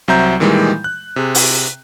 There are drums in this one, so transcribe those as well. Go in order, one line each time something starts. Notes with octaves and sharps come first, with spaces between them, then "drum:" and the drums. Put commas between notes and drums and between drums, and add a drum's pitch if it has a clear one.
C2 F#3 C4 E5 A#5 G6
A#2 D#3 E3 G3 G#3
F#6
C3 G#4
drum: open hi-hat